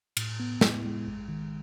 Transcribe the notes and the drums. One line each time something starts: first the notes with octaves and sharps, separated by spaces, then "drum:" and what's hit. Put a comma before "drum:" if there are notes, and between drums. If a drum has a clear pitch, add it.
A2, drum: cymbal
B3
E4, drum: snare
G#3
A1
D#3